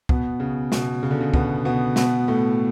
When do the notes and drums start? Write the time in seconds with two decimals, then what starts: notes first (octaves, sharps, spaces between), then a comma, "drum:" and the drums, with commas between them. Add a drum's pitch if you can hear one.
0.09 B2 B3, drum: kick
0.40 C#3
0.72 B2, drum: snare
1.03 C#3
1.11 D3
1.21 C#3
1.34 B2 B3, drum: kick
1.65 B2 B3
1.96 B2 B3, drum: snare
2.28 A2 A3